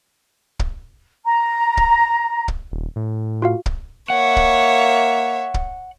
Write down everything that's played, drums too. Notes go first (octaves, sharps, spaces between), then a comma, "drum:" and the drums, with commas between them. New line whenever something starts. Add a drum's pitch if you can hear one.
drum: kick
A#5
drum: kick
drum: kick
D#1
A2
F4 F#4 F5
drum: kick
A#3 C#5 E5 F#5
drum: kick
drum: kick